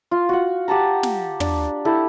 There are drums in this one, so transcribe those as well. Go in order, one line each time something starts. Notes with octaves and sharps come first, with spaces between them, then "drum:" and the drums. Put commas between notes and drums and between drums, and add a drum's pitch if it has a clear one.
F4
F#4 F#5
G4 F#5 A5 A#5
drum: snare
D4, drum: tom
E4 G4 A4